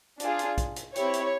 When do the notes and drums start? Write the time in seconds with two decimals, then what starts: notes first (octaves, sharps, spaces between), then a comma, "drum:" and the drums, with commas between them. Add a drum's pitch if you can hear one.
0.20 D4 F4 G#4, drum: hi-hat
0.39 drum: hi-hat
0.58 drum: kick, hi-hat
0.76 drum: hi-hat
0.96 C4 E4 G4 C#5, drum: hi-hat
1.14 drum: hi-hat